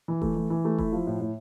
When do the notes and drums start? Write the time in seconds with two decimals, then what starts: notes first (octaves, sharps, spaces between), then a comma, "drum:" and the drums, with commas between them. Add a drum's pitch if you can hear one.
0.08 E3
0.22 A3, drum: kick E1
0.36 E3
0.50 E3
0.65 A3
0.78 E4, drum: kick E1
0.92 F3
1.07 A2
1.20 A2